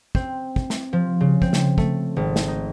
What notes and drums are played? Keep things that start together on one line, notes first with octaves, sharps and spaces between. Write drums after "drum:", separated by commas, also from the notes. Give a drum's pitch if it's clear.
C4, drum: kick
drum: kick
drum: snare
F3
C#3
C4, drum: kick
drum: snare
A3, drum: kick
G#1
drum: snare
D#4